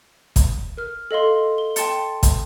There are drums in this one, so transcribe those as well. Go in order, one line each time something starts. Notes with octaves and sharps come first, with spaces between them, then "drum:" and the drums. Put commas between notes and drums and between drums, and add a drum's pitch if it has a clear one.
drum: kick, hi-hat
A#4 F6
A4 D#5 F5 C6
G7
G5 A5 C6 A6 C#7, drum: hi-hat
drum: kick, hi-hat